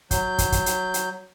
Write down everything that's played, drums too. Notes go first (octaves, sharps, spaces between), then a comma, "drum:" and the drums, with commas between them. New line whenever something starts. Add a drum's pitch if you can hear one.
F#3 G6, drum: kick, hi-hat
drum: kick, hi-hat
drum: kick, hi-hat
drum: hi-hat
drum: hi-hat